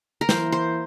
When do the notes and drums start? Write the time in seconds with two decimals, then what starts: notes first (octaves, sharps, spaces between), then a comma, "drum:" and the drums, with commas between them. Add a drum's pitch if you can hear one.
0.21 A#4
0.29 E3 A#3 E4 C5, drum: snare
0.52 C5